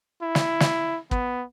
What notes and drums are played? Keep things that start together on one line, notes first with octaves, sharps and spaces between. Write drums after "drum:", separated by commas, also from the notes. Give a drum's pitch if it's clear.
E4
drum: snare
drum: snare
B3, drum: kick